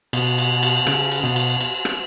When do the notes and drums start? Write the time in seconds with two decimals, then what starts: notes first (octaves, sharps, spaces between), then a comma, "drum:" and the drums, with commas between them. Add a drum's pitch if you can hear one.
0.13 B2, drum: cymbal
0.38 drum: cymbal
0.63 drum: cymbal
0.87 C#3, drum: rim click
1.12 drum: cymbal
1.23 B2
1.36 drum: cymbal
1.61 drum: cymbal
1.85 drum: rim click